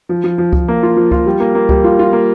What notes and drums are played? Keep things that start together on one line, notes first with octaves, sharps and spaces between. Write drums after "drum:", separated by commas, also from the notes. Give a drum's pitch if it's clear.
F3
F3
F3
F3, drum: kick C#2
A#3
F4
F3
F4, drum: kick C#2
G3
A#3
A#3
G3, drum: kick C#2
F4
F4
A#3